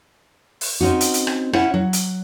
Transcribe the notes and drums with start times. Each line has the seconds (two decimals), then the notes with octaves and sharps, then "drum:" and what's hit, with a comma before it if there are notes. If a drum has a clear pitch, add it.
0.61 drum: open hi-hat
0.80 C4 C#4 D#4 F#4
1.01 drum: hi-hat
1.14 drum: hi-hat
1.27 drum: rim click
1.53 C#4 E4 C#5 E5 F#5, drum: rim click
1.74 F#3
1.93 drum: hi-hat